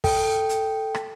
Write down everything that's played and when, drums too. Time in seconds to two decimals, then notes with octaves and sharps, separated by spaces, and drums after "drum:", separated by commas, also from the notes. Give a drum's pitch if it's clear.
0.04 A4 G5, drum: kick, open hi-hat
0.49 drum: hi-hat
0.95 drum: rim click